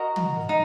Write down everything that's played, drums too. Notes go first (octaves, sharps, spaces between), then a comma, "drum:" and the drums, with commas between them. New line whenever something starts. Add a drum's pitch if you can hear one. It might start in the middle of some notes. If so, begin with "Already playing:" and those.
Already playing: F#4 A#4 D#5
drum: tom
D#4